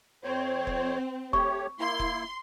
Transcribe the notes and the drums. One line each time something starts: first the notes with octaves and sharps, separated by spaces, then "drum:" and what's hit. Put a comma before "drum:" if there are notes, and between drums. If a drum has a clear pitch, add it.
F2 C4 C5 C#5
drum: kick E1
A3 G4 C#5 C#6, drum: kick E1
A#3 E4 C6
drum: kick E1